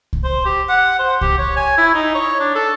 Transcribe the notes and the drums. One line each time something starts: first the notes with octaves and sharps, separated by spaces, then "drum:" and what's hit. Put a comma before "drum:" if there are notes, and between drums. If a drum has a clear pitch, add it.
drum: kick C2
C5
G4
F#5
C5
G4, drum: kick C2
C#5
G#5
E4
D#4
C#5
D4
A4